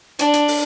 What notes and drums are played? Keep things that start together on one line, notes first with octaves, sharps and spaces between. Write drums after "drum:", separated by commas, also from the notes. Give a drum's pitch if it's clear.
D4, drum: hi-hat
drum: hi-hat
drum: open hi-hat